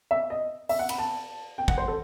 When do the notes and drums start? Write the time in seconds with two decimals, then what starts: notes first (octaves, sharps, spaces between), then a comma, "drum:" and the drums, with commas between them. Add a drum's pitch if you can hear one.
0.11 E5
0.30 D#5
0.69 E5, drum: open hi-hat
0.79 F#5
0.89 B5, drum: cymbal
0.98 A5
1.58 G5
1.68 F#5, drum: kick
1.78 C5
1.88 A4